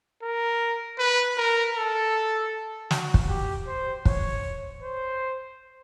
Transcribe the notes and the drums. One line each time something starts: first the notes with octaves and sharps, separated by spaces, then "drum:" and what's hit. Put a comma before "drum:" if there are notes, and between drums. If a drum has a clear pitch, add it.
A#4
B4
A#4
A4
F#4, drum: snare
drum: kick
G4
C5
C#5, drum: kick
C5